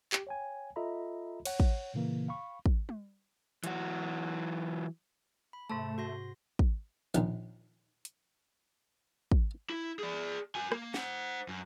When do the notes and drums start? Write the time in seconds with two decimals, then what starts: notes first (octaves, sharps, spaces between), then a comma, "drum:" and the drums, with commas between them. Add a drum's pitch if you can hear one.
0.13 G4, drum: clap
0.27 C#5 G5 G#5
0.76 F4 A4 D#5 E5 A#5 B5
1.45 C#5 F#5, drum: cymbal
1.60 drum: kick
1.94 A#2 C#3 E3 A#3
2.28 F5 B5 C#6
2.66 drum: kick
2.89 drum: tom G3
3.64 E3 F#3 F#4, drum: hi-hat
5.53 B5
5.70 G#2 C3 A3 A5 C#6
5.98 F#4 C6 A#6
6.59 drum: kick
7.15 A#1 D#2, drum: hi-hat
8.05 drum: hi-hat
9.32 drum: kick
9.70 E4
9.99 G#4 D5
10.55 F#4 G#5
10.72 A#3, drum: rim click
10.94 C5 F#5, drum: snare
11.48 F#2